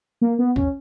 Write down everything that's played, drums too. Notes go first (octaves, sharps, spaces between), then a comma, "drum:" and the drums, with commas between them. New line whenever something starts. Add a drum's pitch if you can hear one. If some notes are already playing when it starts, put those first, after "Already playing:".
A#3
B3
C#4, drum: kick